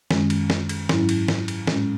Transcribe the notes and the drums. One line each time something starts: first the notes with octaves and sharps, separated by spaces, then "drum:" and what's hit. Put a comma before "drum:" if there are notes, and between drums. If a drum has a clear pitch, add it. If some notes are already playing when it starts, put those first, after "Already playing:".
F#2 D#3 G#3 C#4, drum: snare
drum: cymbal
drum: snare
drum: cymbal
G#2 F#3 C#4 E4, drum: snare
drum: cymbal
drum: snare
drum: cymbal
A2 G#3 C#4, drum: snare